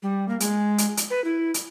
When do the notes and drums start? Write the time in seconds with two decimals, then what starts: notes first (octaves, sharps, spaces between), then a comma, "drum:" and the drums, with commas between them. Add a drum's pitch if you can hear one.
0.03 G3
0.28 A#3
0.40 G#3, drum: hi-hat
0.78 drum: hi-hat
0.97 drum: hi-hat
1.10 B4
1.24 E4
1.54 drum: hi-hat